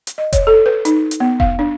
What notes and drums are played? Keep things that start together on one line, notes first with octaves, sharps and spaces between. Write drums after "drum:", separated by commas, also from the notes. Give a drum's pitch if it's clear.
drum: hi-hat
D#5
C#5, drum: kick F1, hi-hat
A4
B4
D#4, drum: hi-hat
drum: hi-hat
B3
F5, drum: kick F1
D4